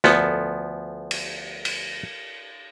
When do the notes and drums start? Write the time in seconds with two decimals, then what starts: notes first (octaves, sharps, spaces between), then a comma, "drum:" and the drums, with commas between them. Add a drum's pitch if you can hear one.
0.04 D2 F3 B3 A4, drum: snare
1.11 drum: cymbal
1.65 drum: cymbal